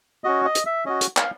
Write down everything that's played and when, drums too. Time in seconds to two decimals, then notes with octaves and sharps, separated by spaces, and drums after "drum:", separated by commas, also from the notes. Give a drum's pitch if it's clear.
0.24 C#4 F#4 D#5
0.45 D#5
0.55 drum: hi-hat
0.66 E5
0.85 C#4 F#4 D#5
1.01 drum: hi-hat
1.17 F5, drum: clap